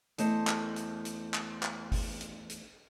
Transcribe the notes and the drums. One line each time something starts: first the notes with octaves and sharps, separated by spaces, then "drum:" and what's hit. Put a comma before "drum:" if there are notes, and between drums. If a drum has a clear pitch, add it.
E2 A3 C5 D#5, drum: hi-hat
drum: clap
drum: hi-hat
drum: hi-hat
drum: clap
drum: clap
drum: kick G1, open hi-hat
drum: hi-hat
drum: hi-hat